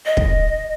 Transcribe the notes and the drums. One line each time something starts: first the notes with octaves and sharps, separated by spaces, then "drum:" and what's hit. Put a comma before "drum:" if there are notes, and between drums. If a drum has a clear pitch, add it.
D#5
drum: kick